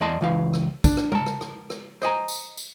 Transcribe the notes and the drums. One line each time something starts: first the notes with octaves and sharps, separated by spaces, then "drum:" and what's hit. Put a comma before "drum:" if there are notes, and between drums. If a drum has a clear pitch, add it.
E2 D5 D#5 A5 C6
C#2 E3 F5
drum: rim click
D4, drum: kick, tambourine
drum: rim click
A#4 A5, drum: tom C3
drum: rim click
drum: rim click
drum: rim click
C5 D#5 G#5 A#5, drum: rim click
drum: tambourine
drum: tambourine